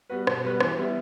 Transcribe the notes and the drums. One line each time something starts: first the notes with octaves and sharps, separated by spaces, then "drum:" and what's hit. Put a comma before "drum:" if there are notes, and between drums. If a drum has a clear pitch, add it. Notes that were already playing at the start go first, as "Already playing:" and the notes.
G3 B3 F#4 B4
B2, drum: rim click
G3 B3 F#4 B4
E3, drum: rim click
G3 B3 E4